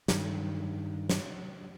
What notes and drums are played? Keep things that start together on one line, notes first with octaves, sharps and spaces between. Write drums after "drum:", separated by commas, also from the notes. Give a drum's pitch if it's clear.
G2 D#3, drum: snare
drum: snare